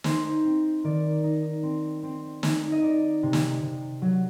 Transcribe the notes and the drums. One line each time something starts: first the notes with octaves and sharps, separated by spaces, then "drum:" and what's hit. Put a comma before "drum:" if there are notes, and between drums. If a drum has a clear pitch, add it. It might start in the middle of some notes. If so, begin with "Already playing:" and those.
D#4 C5, drum: snare
C4
D#3 D5
D#4
C4
C4
D#4, drum: snare
D#5
D#4 D5
C3
drum: snare
C3
F#3